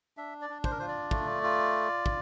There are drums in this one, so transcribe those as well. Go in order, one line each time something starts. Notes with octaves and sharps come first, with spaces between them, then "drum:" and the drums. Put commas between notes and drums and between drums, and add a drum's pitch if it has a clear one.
D4 E5
D5
D4
C5, drum: kick
A#4
F4 C5
D5
A3, drum: kick
F4
drum: kick